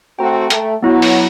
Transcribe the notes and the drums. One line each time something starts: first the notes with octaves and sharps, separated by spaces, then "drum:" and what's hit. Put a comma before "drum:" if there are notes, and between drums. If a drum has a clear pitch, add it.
A3 C4 F#4 G5 A#5
A3, drum: hi-hat
B2 F#3 B3 E4 F#4
drum: open hi-hat